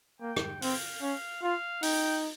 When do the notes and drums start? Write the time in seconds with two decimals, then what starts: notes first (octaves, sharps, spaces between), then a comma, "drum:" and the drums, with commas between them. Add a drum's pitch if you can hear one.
0.21 A#3 G5
0.36 drum: rim click
0.62 C4 F5, drum: open hi-hat
1.02 C#4 F5
1.43 F4 F5
1.83 D#4 G5, drum: open hi-hat